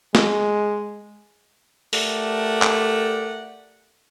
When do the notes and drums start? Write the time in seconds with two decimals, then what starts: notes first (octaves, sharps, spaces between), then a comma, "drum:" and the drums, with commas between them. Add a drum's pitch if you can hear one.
0.15 G#3, drum: snare
1.93 A3 G4 A#4 D5 F#5, drum: open hi-hat
2.62 drum: clap